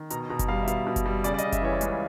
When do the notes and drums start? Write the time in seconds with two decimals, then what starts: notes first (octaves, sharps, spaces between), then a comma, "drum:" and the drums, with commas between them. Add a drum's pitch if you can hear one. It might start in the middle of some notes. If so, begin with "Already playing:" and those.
Already playing: D#3
0.10 B2 A#5, drum: hi-hat
0.30 B2 A#5
0.39 drum: kick F#1, hi-hat
0.48 G3 F5
0.63 E5
0.68 B2 F5, drum: hi-hat
0.87 B2
0.96 drum: kick F#1, hi-hat
1.06 G3
1.24 C#3 D5, drum: hi-hat
1.34 D5
1.38 D#5, drum: hi-hat
1.44 C#3
1.52 E5, drum: kick F#1, hi-hat
1.62 E3 C#5
1.73 D5
1.81 C#2 D#5, drum: hi-hat